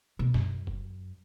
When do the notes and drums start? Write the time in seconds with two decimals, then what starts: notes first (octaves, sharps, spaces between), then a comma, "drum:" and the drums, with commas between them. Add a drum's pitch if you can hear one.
0.19 B2
0.34 F#2, drum: snare
0.67 drum: kick